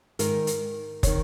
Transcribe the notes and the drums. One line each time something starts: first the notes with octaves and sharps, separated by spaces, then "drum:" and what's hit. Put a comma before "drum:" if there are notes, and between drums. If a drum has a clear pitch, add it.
G#2 D#3 A#4, drum: hi-hat
drum: hi-hat
D#3 C#5, drum: kick, hi-hat